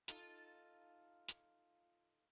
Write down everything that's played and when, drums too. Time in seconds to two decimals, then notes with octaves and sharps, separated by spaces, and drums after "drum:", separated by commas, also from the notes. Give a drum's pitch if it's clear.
0.08 D#4 F4 A4, drum: hi-hat
1.28 drum: hi-hat